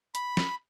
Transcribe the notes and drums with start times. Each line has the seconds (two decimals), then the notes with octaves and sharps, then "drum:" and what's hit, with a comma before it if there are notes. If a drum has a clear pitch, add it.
0.15 B5, drum: hi-hat
0.37 drum: snare